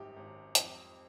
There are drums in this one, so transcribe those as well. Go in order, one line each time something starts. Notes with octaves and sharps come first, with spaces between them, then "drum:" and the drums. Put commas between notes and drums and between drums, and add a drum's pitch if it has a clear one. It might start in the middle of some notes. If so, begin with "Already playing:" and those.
Already playing: G#1 F#2 G4
G#1
F2, drum: hi-hat